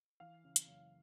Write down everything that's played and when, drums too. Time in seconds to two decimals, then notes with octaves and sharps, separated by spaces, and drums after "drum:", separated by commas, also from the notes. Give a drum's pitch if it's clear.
0.20 E3 F5
0.44 C#3
0.56 drum: hi-hat
0.67 F#1